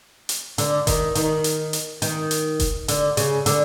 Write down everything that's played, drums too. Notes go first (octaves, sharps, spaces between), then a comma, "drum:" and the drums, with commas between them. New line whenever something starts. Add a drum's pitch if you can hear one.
drum: hi-hat
D3, drum: hi-hat
D#3, drum: kick F1, hi-hat
D#3, drum: hi-hat
drum: hi-hat
drum: hi-hat
D#3, drum: hi-hat
drum: hi-hat
drum: kick F1, hi-hat
D3, drum: hi-hat
C#3, drum: hi-hat
D3, drum: hi-hat